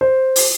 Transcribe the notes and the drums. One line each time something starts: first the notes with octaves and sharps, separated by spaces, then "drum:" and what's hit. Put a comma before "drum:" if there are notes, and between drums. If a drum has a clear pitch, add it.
C5
drum: open hi-hat